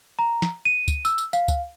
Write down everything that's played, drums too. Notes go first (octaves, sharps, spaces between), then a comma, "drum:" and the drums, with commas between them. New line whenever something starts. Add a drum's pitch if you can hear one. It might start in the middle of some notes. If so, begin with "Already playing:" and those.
A#5
drum: snare
D#7
drum: kick, tambourine
E6, drum: tambourine
drum: tambourine
F5, drum: tambourine
drum: kick, tambourine